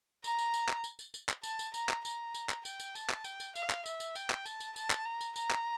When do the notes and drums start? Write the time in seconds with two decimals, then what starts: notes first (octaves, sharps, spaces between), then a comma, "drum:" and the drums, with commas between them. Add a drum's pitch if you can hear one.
0.24 A#5, drum: tambourine
0.39 drum: tambourine
0.54 drum: tambourine
0.69 drum: clap
0.84 drum: tambourine
0.99 drum: tambourine
1.14 drum: tambourine
1.29 drum: clap
1.43 A5, drum: tambourine
1.59 drum: tambourine
1.74 A#5, drum: tambourine
1.89 drum: clap
2.05 A#5, drum: tambourine
2.34 drum: tambourine
2.49 drum: clap
2.65 G5, drum: tambourine
2.80 drum: tambourine
2.95 A5, drum: tambourine
3.10 drum: clap
3.24 G5, drum: tambourine
3.40 drum: tambourine
3.55 F5, drum: tambourine
3.70 drum: clap
3.86 E5, drum: tambourine
4.00 drum: tambourine
4.15 G5, drum: tambourine
4.30 drum: clap
4.46 A5, drum: tambourine
4.60 drum: tambourine
4.76 A5, drum: tambourine
4.90 drum: clap
5.05 A#5
5.21 drum: tambourine
5.36 A#5, drum: tambourine
5.51 drum: clap